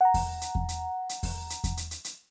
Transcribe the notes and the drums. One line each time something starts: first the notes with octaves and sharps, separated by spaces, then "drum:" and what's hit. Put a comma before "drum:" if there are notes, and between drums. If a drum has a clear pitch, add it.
F#5 A#5
drum: kick E2, open hi-hat
drum: hi-hat
drum: kick E2
drum: hi-hat
drum: hi-hat
drum: kick E2, open hi-hat
drum: hi-hat
drum: kick E2, hi-hat
drum: hi-hat
drum: hi-hat
drum: hi-hat